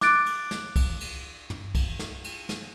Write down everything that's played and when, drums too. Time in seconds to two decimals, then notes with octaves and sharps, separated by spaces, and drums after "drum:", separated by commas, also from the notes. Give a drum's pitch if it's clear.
0.01 D6 F#6 A6 D7, drum: snare
0.26 drum: cymbal
0.51 drum: snare
0.76 drum: kick, cymbal
1.00 drum: cymbal
1.50 drum: tom
1.75 drum: kick, cymbal
1.99 drum: snare
2.24 drum: cymbal
2.49 drum: snare